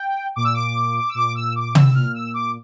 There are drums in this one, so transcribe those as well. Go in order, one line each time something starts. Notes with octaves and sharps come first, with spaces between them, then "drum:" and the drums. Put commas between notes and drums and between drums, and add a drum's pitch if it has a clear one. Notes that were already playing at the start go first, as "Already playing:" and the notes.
Already playing: G5
A#2 D6
E6
D6
E6
A#2 D6
E6
D6
E6, drum: tom
A#2 F6
E6
D6